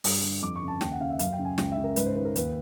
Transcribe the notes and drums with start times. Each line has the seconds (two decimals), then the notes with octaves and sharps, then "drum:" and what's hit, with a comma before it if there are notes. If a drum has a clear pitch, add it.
0.04 G2 D#6, drum: open hi-hat
0.23 D3
0.42 F2 D6
0.56 C#6
0.62 C#3
0.68 A5
0.81 D#2 G5, drum: snare
0.92 F#5
1.00 C#3 F5
1.10 E5
1.19 F#2 F5, drum: hi-hat
1.32 G5
1.39 C#3
1.45 G#5
1.58 C#2 G5, drum: snare
1.72 E5
1.77 C#3
1.84 A#4
1.96 G#2 B4, drum: hi-hat
2.06 C5
2.15 D#3 B4
2.25 A#4
2.36 D#2 B4, drum: hi-hat